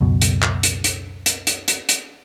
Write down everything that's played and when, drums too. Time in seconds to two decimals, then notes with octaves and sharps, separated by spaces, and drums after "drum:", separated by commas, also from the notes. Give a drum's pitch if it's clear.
0.01 C#2 F#2 B2
0.22 drum: hi-hat
0.42 drum: clap
0.63 drum: hi-hat
0.84 drum: hi-hat
1.26 drum: hi-hat
1.47 drum: hi-hat
1.68 drum: hi-hat
1.89 drum: hi-hat